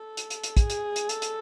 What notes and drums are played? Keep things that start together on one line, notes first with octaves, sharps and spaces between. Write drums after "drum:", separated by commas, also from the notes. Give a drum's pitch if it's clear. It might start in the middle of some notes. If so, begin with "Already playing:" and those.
Already playing: A4
drum: hi-hat
drum: hi-hat
drum: hi-hat
G#4, drum: kick, hi-hat
drum: hi-hat
drum: hi-hat
A4, drum: hi-hat
drum: hi-hat